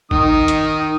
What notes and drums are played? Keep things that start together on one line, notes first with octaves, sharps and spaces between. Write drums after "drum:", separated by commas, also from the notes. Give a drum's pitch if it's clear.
D#3 D#6, drum: kick
drum: hi-hat